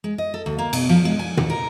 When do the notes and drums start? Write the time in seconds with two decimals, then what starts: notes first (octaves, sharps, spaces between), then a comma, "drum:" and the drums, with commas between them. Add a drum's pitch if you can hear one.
0.04 G#3
0.18 D#5
0.34 A4
0.46 D2
0.59 A#3
0.73 B2, drum: cymbal
0.89 F3
1.05 G#3
1.19 G#5
1.37 D#2, drum: tom
1.50 A#4